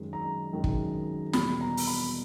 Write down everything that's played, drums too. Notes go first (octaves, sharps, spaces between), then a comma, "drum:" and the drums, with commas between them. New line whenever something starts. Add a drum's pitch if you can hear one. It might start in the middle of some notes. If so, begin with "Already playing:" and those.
Already playing: F#2 D#3 G#3
A#5
F#2 D#3 G#3
drum: kick
E2 B2 G3 A#3 B5, drum: snare
A#5
drum: open hi-hat
B5